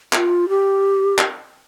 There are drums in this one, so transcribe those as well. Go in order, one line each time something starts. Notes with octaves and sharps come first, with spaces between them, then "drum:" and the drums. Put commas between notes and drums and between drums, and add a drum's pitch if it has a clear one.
F4, drum: clap
G4
drum: clap